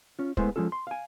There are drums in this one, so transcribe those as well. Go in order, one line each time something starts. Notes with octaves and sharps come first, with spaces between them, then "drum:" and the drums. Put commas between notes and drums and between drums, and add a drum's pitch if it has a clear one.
C#4 F4
G#3 A3 B3 E4 C5, drum: kick
F3 G#3 C#4 F4 A4
C6
F5 G#5